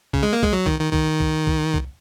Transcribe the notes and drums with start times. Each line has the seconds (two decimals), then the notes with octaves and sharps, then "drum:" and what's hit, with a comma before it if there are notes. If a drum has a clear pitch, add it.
0.13 C#3, drum: kick C2
0.23 G#3
0.33 A#3
0.43 G#3, drum: kick C2
0.53 F#3
0.66 D#3, drum: kick C2
0.80 D#3
0.93 D#3, drum: kick C2
1.20 drum: kick C2
1.47 drum: kick C2
1.74 drum: kick C2